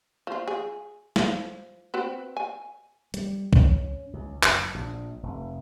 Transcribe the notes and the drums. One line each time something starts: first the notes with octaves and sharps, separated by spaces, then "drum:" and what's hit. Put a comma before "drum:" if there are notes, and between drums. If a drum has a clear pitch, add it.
F3 F4
G#4
F3, drum: snare
C4 F#4 B4
G#5
G3, drum: hi-hat
C#4, drum: kick B1
C#2
F#1, drum: clap
A#1
F1